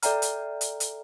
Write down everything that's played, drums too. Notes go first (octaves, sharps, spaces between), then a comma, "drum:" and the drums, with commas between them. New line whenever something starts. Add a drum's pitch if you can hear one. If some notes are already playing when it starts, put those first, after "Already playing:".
A4 D5 E5 G5 A#5 F6, drum: hi-hat
drum: hi-hat
drum: hi-hat
drum: hi-hat